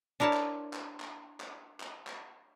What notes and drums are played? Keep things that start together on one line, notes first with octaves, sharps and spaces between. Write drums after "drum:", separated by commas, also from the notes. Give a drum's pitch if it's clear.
D4 E4 A#4 C#5 A5
drum: clap
drum: clap
drum: clap
drum: clap
drum: clap
drum: clap